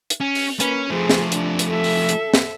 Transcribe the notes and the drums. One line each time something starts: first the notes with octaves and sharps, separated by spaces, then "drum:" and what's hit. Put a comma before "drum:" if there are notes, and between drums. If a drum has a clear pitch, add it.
drum: hi-hat
C#4
drum: open hi-hat
A#3 C#4 B4, drum: hi-hat
F3 A3 G#4 C5
drum: snare
D4, drum: hi-hat
drum: hi-hat
A4 E5
drum: open hi-hat
drum: hi-hat
drum: snare